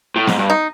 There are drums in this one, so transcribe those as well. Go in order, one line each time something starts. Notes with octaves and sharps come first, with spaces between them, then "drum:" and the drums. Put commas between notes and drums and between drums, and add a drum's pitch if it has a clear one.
A2
G#2, drum: snare B3
G2
D#4